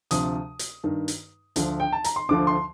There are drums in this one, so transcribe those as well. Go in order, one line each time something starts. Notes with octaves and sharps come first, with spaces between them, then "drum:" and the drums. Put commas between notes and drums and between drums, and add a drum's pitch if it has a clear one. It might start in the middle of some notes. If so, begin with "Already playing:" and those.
D2 C3 F3 D#6, drum: hi-hat
drum: hi-hat
G2 D#3
drum: hi-hat
D2 D3 F3, drum: hi-hat
G5
A5
A#5, drum: hi-hat
C6
D2 D3 F3 D6
C6